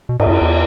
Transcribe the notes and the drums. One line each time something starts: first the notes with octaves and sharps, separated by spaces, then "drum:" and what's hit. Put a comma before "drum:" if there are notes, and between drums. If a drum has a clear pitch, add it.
B2
G#2, drum: cymbal
E2
F#2
E2